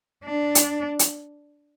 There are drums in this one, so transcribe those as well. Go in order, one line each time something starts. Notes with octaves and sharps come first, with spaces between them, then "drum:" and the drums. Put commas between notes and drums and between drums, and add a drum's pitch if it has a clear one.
D4
drum: hi-hat
drum: hi-hat